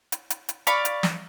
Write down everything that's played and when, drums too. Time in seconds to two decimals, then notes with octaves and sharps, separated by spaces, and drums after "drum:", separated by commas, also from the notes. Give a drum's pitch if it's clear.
0.12 drum: hi-hat
0.30 drum: hi-hat
0.49 drum: hi-hat
0.67 D5 F5 B5 C#6, drum: hi-hat
0.85 drum: hi-hat
1.03 drum: snare